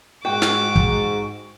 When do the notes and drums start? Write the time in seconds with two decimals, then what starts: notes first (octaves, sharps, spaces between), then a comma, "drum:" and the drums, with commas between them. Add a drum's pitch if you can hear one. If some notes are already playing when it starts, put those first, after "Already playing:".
0.25 G#2 F#4 G5 D6
0.42 drum: snare
0.76 drum: kick